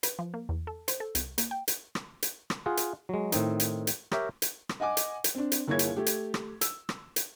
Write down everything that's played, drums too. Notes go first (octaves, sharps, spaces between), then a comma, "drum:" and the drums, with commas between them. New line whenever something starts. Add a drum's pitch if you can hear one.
B4, drum: hi-hat
F3
A#3
E2
A4
C5, drum: hi-hat
A4
C2, drum: hi-hat
A#3, drum: hi-hat
G5
drum: hi-hat
drum: rim click
drum: hi-hat
drum: rim click
F4 G#4 F#5
drum: hi-hat
F#3 G#3
A2 D#3 C4 D#4, drum: hi-hat
drum: hi-hat
drum: hi-hat
G4 A#4 C#5 E5 G5, drum: rim click
drum: hi-hat
drum: rim click
D#5 F#5 G#5 D6
drum: hi-hat
drum: hi-hat
C4 D4
drum: hi-hat
G1 A#3 E4 G#4 C#5 G#6
drum: hi-hat
A3 G4
drum: hi-hat
drum: rim click
E6, drum: hi-hat
drum: rim click
drum: hi-hat